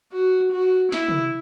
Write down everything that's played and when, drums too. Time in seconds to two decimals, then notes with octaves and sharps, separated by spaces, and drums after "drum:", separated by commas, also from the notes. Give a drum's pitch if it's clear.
0.13 F#4
0.53 F#4
0.92 E4, drum: snare
1.08 drum: tom